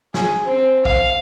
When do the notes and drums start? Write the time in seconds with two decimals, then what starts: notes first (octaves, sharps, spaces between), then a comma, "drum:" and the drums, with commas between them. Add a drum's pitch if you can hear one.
0.14 G#4, drum: snare
0.44 C4
0.85 F5, drum: kick A#1